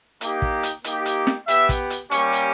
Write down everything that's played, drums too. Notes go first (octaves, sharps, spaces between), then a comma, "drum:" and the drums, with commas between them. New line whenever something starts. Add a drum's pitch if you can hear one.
A#3 D#4 G4, drum: hi-hat
drum: kick
drum: hi-hat
A#3 D#4 G4, drum: hi-hat
drum: hi-hat
drum: snare
B3 G4 E5, drum: hi-hat
drum: kick, hi-hat
drum: hi-hat
G3 A#3 C#4 G4 C#6, drum: hi-hat
drum: hi-hat